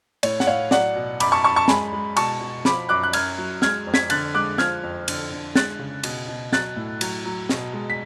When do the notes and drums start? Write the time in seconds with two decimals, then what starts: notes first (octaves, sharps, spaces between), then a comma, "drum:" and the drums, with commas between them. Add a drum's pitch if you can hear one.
0.23 A2 C#5, drum: cymbal
0.40 F#5, drum: snare
0.47 A2 C#5 F5
0.71 F#3 D5 F#5, drum: snare
0.96 B2
1.20 F#2 B5 D6, drum: cymbal
1.32 A5 C#6
1.44 F#2 A5 C#6
1.56 A5 C#6
1.68 G#3 G#5 B5, drum: snare
1.93 G#3
2.17 B2 A5 C#6, drum: cymbal
2.40 B2
2.65 F3 B5 D6, drum: snare
2.89 F#2 D6 F#6
3.03 F#6
3.13 F#2 F6 G#6, drum: cymbal
3.38 F#3
3.62 G#3 F6 G#6, drum: snare
3.87 F2
3.94 G#6 B6, drum: snare
4.10 D3 F#6 A6, drum: cymbal
4.34 G#3 D6 F#6
4.58 F3 F6 G#6, drum: snare
4.83 F2
5.08 D3, drum: cymbal
5.31 D3
5.55 G#3 F#6 A6, drum: snare
5.79 C#3
6.03 B2, drum: cymbal
6.28 B2
6.52 F#3 F#6 A6, drum: snare
6.76 A2
7.01 F#3, drum: cymbal
7.25 F#3
7.49 B2, drum: snare
7.73 G#3
7.90 B6